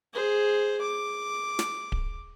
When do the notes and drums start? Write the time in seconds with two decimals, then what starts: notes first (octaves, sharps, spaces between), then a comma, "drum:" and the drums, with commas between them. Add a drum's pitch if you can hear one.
0.13 G#4 C5
0.81 D6
1.59 drum: snare
1.92 drum: kick D1